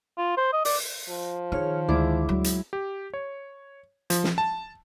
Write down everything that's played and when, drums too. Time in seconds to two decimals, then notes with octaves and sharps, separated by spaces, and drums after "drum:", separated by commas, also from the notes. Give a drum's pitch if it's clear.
0.18 F4
0.37 C5
0.52 D#5
0.65 D5, drum: open hi-hat
1.09 F3
1.52 D#3 G#4 C#5 F6
1.88 D2 D3 G#3 E4 D6
2.29 F#3
2.44 drum: hi-hat
2.73 G4
3.14 C#5
4.10 F3, drum: hi-hat
4.24 drum: snare
4.38 A5